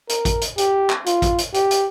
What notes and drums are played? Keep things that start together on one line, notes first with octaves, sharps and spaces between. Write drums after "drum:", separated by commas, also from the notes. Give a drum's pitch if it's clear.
A#4, drum: hi-hat
drum: kick A1, hi-hat
drum: hi-hat
G4, drum: hi-hat
drum: clap
F4, drum: hi-hat
drum: kick A1, hi-hat
drum: hi-hat
G4, drum: hi-hat
drum: hi-hat